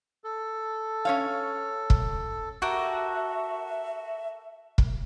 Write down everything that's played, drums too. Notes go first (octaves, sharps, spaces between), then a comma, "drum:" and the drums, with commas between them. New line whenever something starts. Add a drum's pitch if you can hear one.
A4
C#4 C#5 F5
drum: kick
F#4 G4 A4 A#4 E5
drum: kick